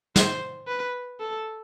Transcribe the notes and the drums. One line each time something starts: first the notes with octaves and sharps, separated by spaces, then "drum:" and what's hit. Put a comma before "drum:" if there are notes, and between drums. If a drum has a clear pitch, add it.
C5, drum: snare
B4
A4